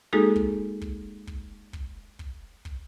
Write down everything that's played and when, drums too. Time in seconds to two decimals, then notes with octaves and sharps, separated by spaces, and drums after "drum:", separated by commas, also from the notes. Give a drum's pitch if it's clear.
0.13 G#3 A#3 D#4 F#4 G#4 A4
0.36 drum: kick
0.81 drum: kick
1.27 drum: kick
1.73 drum: kick
2.19 drum: kick
2.65 drum: kick